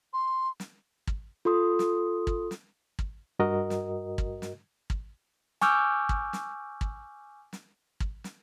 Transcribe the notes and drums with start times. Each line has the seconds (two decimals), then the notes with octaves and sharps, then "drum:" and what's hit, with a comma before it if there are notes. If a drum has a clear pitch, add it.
0.13 C6
0.60 drum: snare
1.07 drum: kick
1.45 F4 A4 C6 D#6
1.79 drum: snare
2.27 drum: kick
2.51 drum: snare
2.99 drum: kick
3.39 G2 F#4 A#4 D#5
3.70 drum: snare
4.18 drum: kick
4.42 drum: snare
4.90 drum: kick
5.61 G#5 C#6 D6 E6 F6 G6, drum: snare
6.09 drum: kick
6.33 drum: snare
6.81 drum: kick
7.53 drum: snare
8.00 drum: kick
8.24 drum: snare